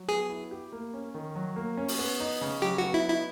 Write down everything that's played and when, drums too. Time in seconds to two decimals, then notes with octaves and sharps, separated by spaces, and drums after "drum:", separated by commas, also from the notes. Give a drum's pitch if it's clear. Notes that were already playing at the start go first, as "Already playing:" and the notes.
Already playing: F#3
0.09 B3 G#4
0.29 E4
0.51 G4
0.72 A#3
0.94 C#4
1.14 D#3
1.35 F#3
1.56 A#3
1.77 C#4
1.88 drum: open hi-hat
1.99 B3
2.20 D#4
2.41 C#3
2.62 F#3 G4
2.78 F#4
2.83 B3
2.94 E4
3.05 D#4 E4